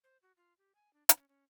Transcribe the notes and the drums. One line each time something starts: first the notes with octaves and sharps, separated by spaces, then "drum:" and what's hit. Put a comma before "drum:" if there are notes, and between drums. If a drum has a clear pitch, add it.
C5
F#4
F4
G4
G#5
D4
C#4, drum: hi-hat
C#4